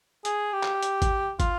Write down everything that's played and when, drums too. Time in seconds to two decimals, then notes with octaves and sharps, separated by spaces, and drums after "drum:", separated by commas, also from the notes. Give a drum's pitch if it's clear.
0.25 G#4, drum: hi-hat
0.53 G4
0.63 drum: clap
0.83 drum: hi-hat
1.02 drum: kick, hi-hat
1.40 F4, drum: kick, hi-hat